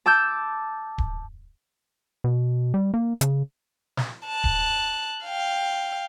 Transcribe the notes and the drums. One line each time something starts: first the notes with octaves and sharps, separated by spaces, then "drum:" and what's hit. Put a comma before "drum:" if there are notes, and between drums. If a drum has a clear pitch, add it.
A5 D6 E6 G6
drum: kick D1
B2
G3
A#3
C#3, drum: hi-hat
drum: snare
A5 F#6
drum: kick D1
F5 G5